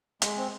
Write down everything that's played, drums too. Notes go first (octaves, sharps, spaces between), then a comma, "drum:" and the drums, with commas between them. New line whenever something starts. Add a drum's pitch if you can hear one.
G#3, drum: hi-hat
C4